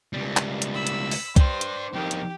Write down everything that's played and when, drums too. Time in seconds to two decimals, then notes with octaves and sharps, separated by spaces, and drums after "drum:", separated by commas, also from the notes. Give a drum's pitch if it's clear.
0.13 C#2 G3
0.37 drum: clap
0.62 drum: hi-hat
0.74 B5 E6
0.87 drum: hi-hat
1.11 drum: open hi-hat
1.36 D4 C5 G5, drum: kick, hi-hat
1.61 drum: hi-hat
1.93 F2 D#3 G4
2.11 drum: hi-hat